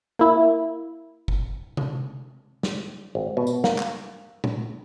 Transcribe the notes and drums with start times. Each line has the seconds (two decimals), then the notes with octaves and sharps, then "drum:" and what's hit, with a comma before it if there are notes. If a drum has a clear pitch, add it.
0.19 A#3 E4
1.28 drum: kick
1.77 drum: tom C3
2.63 drum: snare
3.15 G#1
3.37 B2
3.47 drum: tambourine
3.64 A#3, drum: snare
3.78 drum: clap
4.44 drum: tom A#2